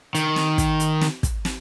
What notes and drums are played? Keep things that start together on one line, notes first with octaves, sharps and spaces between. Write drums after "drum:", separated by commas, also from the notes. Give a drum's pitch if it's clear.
D#3, drum: hi-hat
drum: snare
drum: kick, hi-hat
drum: hi-hat
drum: snare
drum: kick, hi-hat
drum: snare